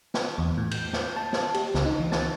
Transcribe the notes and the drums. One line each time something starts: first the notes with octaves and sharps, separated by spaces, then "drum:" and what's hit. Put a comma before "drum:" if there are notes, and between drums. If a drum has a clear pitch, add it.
drum: snare
E2
A2
G6, drum: cymbal
drum: snare
A5
drum: snare
G4, drum: cymbal
C#2, drum: snare
D#4
E3
A6, drum: snare